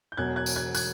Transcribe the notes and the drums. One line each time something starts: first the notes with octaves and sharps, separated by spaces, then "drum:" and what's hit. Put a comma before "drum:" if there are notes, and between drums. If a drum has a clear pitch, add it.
G6
E1 E2 B2 F#3 F#6 G#6
F#6 G#6
drum: tambourine
F#6 G#6
F#6 G#6, drum: tambourine